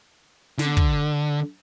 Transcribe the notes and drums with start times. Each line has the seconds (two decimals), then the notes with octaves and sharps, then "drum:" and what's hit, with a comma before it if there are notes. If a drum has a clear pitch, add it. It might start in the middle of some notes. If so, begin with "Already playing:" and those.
0.59 D3, drum: snare
0.77 drum: kick